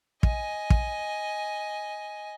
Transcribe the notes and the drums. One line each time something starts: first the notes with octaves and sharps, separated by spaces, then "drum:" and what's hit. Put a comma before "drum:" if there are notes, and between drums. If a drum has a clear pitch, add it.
D#5 G#5, drum: kick
drum: kick